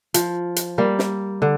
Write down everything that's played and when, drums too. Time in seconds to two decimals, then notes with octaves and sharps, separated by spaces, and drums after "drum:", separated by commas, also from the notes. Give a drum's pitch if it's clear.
0.14 F3, drum: hi-hat
0.56 drum: hi-hat
0.78 G3 A#3
0.99 drum: snare
1.42 D3